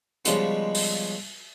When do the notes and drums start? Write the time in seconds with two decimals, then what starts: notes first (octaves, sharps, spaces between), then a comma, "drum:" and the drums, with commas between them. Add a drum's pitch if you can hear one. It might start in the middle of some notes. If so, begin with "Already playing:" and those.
0.25 C#3 F3 G3 G#3 B3, drum: hi-hat
0.74 drum: open hi-hat